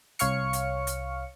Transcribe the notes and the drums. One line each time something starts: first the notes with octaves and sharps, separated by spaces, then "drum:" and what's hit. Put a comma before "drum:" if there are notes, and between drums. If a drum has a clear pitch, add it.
C2 C#5 F5 C#6 F6 C#7, drum: hi-hat
drum: hi-hat
drum: hi-hat